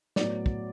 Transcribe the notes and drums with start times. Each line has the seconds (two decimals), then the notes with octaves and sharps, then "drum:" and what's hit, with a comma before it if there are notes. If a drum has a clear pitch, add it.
0.16 A2 F#3 B3 D5, drum: snare
0.46 drum: kick